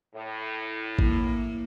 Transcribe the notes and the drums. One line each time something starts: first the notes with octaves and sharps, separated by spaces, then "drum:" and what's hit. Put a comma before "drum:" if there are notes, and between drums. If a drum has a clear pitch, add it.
A2
A#3 E4, drum: kick G#1